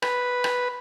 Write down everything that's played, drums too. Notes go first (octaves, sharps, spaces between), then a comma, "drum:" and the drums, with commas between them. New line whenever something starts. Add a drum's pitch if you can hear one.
B4, drum: rim click
drum: rim click